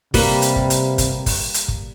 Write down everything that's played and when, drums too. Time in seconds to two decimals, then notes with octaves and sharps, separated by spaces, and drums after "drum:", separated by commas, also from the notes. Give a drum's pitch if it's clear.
0.14 C3 G3 A#3 B4, drum: kick, open hi-hat
0.42 drum: hi-hat
0.56 drum: kick
0.70 drum: hi-hat
0.98 drum: kick, hi-hat
1.26 drum: kick, open hi-hat
1.54 drum: hi-hat
1.68 drum: kick